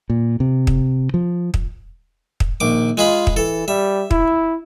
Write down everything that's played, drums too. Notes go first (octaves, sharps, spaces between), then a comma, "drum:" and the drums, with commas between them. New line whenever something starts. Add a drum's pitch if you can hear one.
A#2
C3
drum: kick
F3
drum: kick
drum: kick
A#1 D#3 D6
G#3 F4 G#4 B5
drum: kick
E3 A4
G3 E5
E4, drum: kick